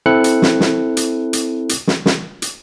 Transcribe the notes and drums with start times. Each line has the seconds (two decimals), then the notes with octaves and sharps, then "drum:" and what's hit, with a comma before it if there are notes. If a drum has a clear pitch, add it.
0.06 C4 E4 A4 F#6 C#7
0.24 drum: hi-hat
0.42 drum: snare
0.60 drum: snare
0.97 drum: hi-hat
1.33 drum: hi-hat
1.69 drum: hi-hat
1.87 drum: snare
2.06 drum: snare
2.42 drum: hi-hat